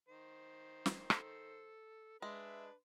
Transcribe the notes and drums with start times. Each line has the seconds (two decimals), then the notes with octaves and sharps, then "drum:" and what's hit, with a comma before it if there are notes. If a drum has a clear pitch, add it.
0.09 D#3 C5
0.86 drum: snare
1.10 A4, drum: rim click
2.22 G#3 D4 B4 E5